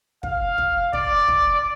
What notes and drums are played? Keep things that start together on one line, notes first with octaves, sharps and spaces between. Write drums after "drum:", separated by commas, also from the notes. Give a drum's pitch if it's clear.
F5, drum: kick
drum: kick
D5, drum: kick
drum: kick